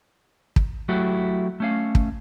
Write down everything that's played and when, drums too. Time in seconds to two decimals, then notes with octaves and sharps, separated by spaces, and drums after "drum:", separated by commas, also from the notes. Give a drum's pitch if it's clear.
0.56 drum: kick
0.89 F#3 A3 E4 F#4 G4
1.60 A3 C#4 F5
1.95 drum: kick